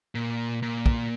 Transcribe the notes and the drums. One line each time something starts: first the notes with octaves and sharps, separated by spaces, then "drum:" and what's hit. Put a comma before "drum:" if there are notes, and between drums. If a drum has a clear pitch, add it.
A#2
A#2
drum: kick